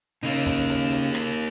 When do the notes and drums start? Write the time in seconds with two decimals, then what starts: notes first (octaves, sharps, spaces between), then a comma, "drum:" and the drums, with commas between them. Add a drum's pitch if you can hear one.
0.23 C#3 A#3 C#4 D#4
0.46 drum: kick, hi-hat
0.69 drum: hi-hat
0.92 drum: hi-hat
1.15 drum: rim click